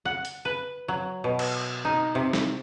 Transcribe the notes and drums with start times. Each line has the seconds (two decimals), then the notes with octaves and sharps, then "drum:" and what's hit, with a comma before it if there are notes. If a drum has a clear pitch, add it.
0.05 F#5
0.25 drum: hi-hat
0.45 B4
0.88 F#3
1.24 B2
1.39 drum: cymbal
1.85 D#4
2.15 C3
2.33 drum: snare